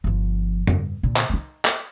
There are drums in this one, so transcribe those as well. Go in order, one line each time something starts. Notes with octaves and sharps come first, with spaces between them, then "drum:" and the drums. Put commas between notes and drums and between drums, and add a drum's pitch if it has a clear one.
G1 F3
G2, drum: tom
A#2 D3
drum: clap
A#3 D#4
drum: clap